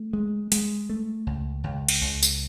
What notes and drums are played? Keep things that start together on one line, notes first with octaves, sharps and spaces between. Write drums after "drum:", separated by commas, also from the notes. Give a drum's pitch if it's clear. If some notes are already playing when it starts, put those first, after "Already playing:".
Already playing: A3
G#3
G#3, drum: hi-hat
A3
C#2
C#2
drum: cymbal
C#2
drum: tambourine